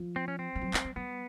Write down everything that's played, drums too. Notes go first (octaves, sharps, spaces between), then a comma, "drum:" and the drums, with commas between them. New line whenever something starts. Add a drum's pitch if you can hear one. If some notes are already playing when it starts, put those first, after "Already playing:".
Already playing: F3
C4
C#4
C4
G3
F#3
G3, drum: clap
G3
G3 B3